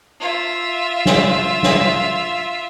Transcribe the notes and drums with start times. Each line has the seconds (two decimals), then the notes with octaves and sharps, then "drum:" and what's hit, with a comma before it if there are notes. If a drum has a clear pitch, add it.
0.20 F4 E5
1.06 drum: snare
1.63 drum: snare